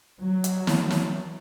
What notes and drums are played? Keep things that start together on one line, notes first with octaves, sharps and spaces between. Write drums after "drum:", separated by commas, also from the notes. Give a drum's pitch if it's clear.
F#3
drum: hi-hat
drum: snare
drum: snare